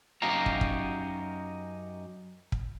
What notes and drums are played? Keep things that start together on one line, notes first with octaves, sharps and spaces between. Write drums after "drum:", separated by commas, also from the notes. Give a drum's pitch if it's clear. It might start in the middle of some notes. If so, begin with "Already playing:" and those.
F#2 D#4 F#4 G4 F5 A#5
drum: kick
drum: kick
drum: kick